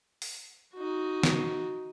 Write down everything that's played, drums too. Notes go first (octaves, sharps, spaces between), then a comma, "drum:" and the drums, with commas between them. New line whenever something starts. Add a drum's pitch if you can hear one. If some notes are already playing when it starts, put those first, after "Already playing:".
drum: open hi-hat
D#4 F#4
drum: snare